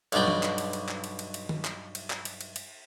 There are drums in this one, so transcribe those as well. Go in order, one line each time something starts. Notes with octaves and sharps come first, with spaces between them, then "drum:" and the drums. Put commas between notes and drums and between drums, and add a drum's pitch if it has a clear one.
B1 G2 B2 F#4 D5 G5, drum: cymbal
drum: tom E3
drum: clap
drum: cymbal
drum: cymbal
drum: clap
drum: cymbal
drum: cymbal
drum: cymbal
drum: tom D#3
drum: clap
drum: cymbal
drum: clap
drum: cymbal
drum: cymbal
drum: cymbal